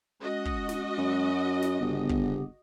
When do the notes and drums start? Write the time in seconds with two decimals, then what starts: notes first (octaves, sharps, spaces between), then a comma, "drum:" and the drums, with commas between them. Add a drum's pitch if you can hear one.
0.22 G#3 C#4 F#4 D#5
0.45 drum: kick
0.69 drum: snare
0.98 F#2
1.62 drum: snare
1.80 G1 C#3 B3 G4
2.09 drum: kick